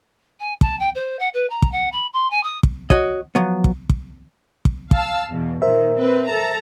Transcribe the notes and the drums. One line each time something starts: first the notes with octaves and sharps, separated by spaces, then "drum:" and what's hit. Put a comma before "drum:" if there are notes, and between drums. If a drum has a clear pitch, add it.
G#5
A5, drum: kick
G5
C5
F#5
B4
A#5
drum: kick
F#5
B5
C6
G#5
D#6
drum: kick
F#4 C#5 D#5, drum: kick
F3 F#3 B3
drum: kick
drum: kick
drum: kick
F5 A5 E6, drum: kick
E2 B2
A#2 D#3 A#4 C5 E5
C4 B4
A4 A5 A#5